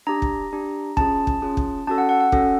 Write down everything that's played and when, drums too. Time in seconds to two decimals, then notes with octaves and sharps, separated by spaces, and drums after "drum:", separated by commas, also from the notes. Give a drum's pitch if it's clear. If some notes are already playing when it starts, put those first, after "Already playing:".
0.07 D4 G4 A#5
0.22 drum: kick
0.53 D4 G4
0.97 C#4 F4 G#4 A5, drum: kick
1.27 drum: kick
1.42 C#4 F4 G#4
1.57 drum: kick
1.87 C#4 F#4 A4 A5
1.98 F#5
2.09 F#5
2.21 F#5
2.32 C#4 F#4 A4, drum: kick